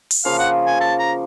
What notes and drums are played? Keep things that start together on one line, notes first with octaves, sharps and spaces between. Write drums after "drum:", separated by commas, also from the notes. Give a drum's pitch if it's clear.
drum: open hi-hat
C#3 F3 A#3 F5
F#5
G#5
A5
A#5